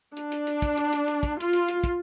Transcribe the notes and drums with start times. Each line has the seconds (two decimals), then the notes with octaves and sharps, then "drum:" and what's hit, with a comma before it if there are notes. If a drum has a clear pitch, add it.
0.17 D4, drum: hi-hat
0.32 drum: hi-hat
0.47 drum: hi-hat
0.62 drum: kick, hi-hat
0.77 drum: hi-hat
0.93 drum: hi-hat
1.08 drum: hi-hat
1.23 drum: kick, hi-hat
1.40 F4, drum: hi-hat
1.53 drum: hi-hat
1.68 drum: hi-hat
1.84 drum: kick, hi-hat